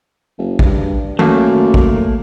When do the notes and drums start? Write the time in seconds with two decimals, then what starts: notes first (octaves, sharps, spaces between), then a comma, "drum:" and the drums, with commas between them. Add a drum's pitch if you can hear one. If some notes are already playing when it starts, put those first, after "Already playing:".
0.38 F#1
0.59 G2, drum: kick
1.19 F#2 A3 A#3, drum: tom D#3
1.74 drum: kick